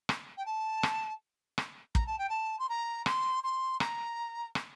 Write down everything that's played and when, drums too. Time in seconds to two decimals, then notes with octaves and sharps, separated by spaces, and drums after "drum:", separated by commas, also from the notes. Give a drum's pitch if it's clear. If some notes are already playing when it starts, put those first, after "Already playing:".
0.09 drum: rim click
0.37 G5
0.46 A5
0.83 drum: rim click
1.58 drum: rim click
1.95 A#5, drum: kick
2.07 A5
2.18 G5
2.29 A5
2.59 C6
2.69 A#5
3.06 C6, drum: rim click
3.44 C6
3.80 A#5, drum: rim click
4.55 drum: rim click